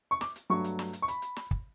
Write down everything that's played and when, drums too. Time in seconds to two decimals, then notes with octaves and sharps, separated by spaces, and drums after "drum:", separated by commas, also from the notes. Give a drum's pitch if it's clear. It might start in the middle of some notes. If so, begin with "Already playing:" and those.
0.11 C#6
0.21 D6, drum: snare
0.36 drum: hi-hat
0.50 G2 F#3 A3 C#6
0.64 drum: hi-hat
0.79 drum: snare
0.93 drum: hi-hat
1.02 C#6
1.08 B5, drum: hi-hat
1.22 drum: hi-hat
1.36 drum: snare
1.51 drum: kick